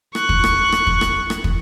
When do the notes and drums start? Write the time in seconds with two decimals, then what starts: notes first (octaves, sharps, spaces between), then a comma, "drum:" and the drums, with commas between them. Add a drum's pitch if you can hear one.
0.15 C#6 F#6, drum: rim click
0.29 drum: kick
0.44 drum: rim click
0.72 drum: rim click
0.87 drum: kick
1.01 drum: rim click
1.30 drum: rim click
1.44 drum: kick